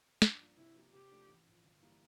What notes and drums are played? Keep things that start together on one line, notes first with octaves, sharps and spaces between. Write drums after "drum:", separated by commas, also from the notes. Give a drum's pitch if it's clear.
G2 D4, drum: snare
F3 A#3 D4
C3 E4
F3 A#3 E4 G4
C3 G4
F3 A3 D4
A1
A2 F3
G1
E3 G3 A#3